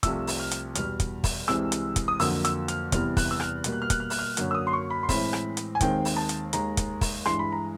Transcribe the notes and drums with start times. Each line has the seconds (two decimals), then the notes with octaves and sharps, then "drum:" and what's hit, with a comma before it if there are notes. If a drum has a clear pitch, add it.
0.03 C2 C3 F3 A3 E6, drum: kick, hi-hat
0.27 drum: open hi-hat
0.40 F6
0.51 drum: hi-hat
0.75 E2 B2 G3 F6, drum: hi-hat
1.00 drum: kick, hi-hat
1.24 drum: kick, open hi-hat
1.48 C2 C3 E3 G#3 C4 E6, drum: rim click
1.72 drum: hi-hat
1.96 drum: kick, hi-hat
2.08 D#6
2.20 F2 D3 F#3 A#3 E6, drum: open hi-hat
2.45 E6, drum: hi-hat
2.68 F6, drum: hi-hat
2.92 E2 C3 E3 G3 B3 F6, drum: kick, hi-hat
3.17 F#6, drum: kick, open hi-hat
3.31 E6
3.40 F6, drum: rim click
3.64 B2 G3 A#3, drum: hi-hat
3.72 F#6
3.82 F6
3.90 F#6, drum: kick, hi-hat
4.00 F6
4.10 F#6, drum: open hi-hat
4.19 F6
4.37 F#2 D3 F#3 A#3, drum: hi-hat
4.51 E6
4.54 D#6
4.67 C6
4.73 C#6
4.90 B5
5.03 C6
5.09 A2 E3 G#3 C4 B5, drum: kick, open hi-hat
5.33 drum: rim click
5.57 drum: hi-hat
5.75 G#5
5.81 D#2 D#3 G#3 C4 G5, drum: kick, hi-hat
6.05 drum: open hi-hat
6.16 A5
6.29 drum: hi-hat
6.53 D#2 D#3 G#3 A#5, drum: hi-hat
6.77 drum: kick, hi-hat
7.01 drum: kick, open hi-hat
7.25 G2 E3 G#3 C6, drum: rim click
7.39 B5
7.52 A#5